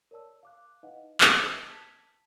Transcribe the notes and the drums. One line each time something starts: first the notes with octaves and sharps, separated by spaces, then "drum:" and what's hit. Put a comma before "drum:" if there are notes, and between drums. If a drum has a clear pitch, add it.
A#4 C#5 D5 A5 E6
F5 D6 F#6
D#4 E4 B4 D#5 F5 F#5
D#5, drum: clap
A5 G#6 B6